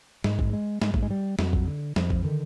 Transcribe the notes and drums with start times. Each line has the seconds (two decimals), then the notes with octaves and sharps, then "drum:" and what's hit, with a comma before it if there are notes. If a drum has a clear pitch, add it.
0.24 G#2 G#3, drum: snare
0.39 drum: kick
0.53 G#3
0.82 G#2 G#3, drum: snare
0.94 A3, drum: kick
1.02 G#3
1.10 G3
1.39 F2 F#3, drum: snare
1.53 drum: kick
1.67 D3
1.96 F2 F3, drum: snare
2.10 drum: kick
2.24 D3 D#3